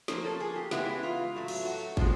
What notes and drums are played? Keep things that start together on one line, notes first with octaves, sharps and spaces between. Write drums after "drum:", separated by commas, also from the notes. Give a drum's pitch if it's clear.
F3 A#3 C#4 C5, drum: snare
A4
G#4
G4
C#3 E3 G#3 B3 E4 G4, drum: snare
F4
A2 F#3 A3
drum: cymbal
F#4
A#2 F3 G#3 C4, drum: kick